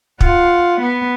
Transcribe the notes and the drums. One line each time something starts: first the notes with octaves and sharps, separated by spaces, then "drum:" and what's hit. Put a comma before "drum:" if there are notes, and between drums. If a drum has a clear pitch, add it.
F4 F#5, drum: kick
B3